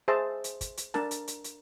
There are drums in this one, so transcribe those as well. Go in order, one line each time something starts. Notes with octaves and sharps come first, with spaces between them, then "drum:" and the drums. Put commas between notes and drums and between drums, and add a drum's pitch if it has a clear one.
G#4 C5 E5 A5
drum: hi-hat
drum: kick, hi-hat
drum: hi-hat
D4 A#4 A5, drum: snare
drum: hi-hat
drum: hi-hat
drum: hi-hat